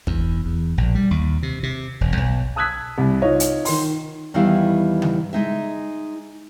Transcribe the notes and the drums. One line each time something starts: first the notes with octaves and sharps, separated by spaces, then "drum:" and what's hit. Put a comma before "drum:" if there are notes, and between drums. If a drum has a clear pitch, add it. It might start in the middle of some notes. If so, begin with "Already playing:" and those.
E2, drum: kick
E2
A#1
G3
D#2
C3
C3
E1
B1
A5 D#6 E6 F#6 G#6 B6
C2
D#4 F4 C#5 D#5
drum: hi-hat
D#3 C6, drum: open hi-hat
E2 D#3 E3 G3 E4 F5
drum: tom C#3
G#3 D#4 E5